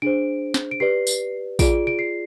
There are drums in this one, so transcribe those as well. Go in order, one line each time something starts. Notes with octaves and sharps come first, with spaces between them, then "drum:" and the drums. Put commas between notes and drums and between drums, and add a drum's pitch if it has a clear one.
D4 G#4 C5 D7
drum: snare
D7
G4 B4 D5 C7
drum: tambourine
F4 G#4 D5 D7, drum: kick, tambourine
D7
C7